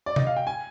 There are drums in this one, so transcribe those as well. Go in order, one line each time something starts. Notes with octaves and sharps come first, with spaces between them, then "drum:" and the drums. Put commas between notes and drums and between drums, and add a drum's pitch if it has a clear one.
D5
D#5, drum: tom C3
F5
G5
G#5